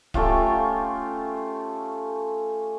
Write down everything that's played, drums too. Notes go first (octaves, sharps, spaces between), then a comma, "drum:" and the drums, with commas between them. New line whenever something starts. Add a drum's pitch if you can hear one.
A3 C#4 F4 G4, drum: kick D1